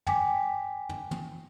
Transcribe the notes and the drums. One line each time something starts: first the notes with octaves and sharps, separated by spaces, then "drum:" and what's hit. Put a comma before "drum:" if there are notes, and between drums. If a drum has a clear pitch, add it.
G5 G#5 D6 B6, drum: tom
drum: tom
drum: tom